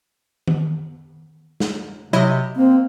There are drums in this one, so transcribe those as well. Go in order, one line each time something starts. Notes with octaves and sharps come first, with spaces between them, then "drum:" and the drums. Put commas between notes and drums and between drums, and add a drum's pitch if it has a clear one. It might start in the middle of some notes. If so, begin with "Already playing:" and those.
drum: tom D#3
drum: snare
C3 F#3 E4 D#5
A#3 C4